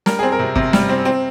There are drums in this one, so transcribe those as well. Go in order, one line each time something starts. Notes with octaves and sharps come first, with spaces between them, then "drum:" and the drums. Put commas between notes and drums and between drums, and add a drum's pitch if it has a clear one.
G3 A#4, drum: snare
C4 G#4
A#4
C3
C3, drum: kick
G3, drum: snare
C4
C4